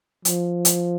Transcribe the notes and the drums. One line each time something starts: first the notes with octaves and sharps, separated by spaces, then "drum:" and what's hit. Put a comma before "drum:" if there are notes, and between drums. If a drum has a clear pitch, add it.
F3, drum: hi-hat
drum: hi-hat